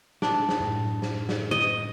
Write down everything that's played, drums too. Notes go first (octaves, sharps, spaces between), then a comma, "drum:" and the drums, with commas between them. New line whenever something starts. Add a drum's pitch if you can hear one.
D4, drum: snare
drum: snare
F#2 A2
drum: snare
drum: snare
D#5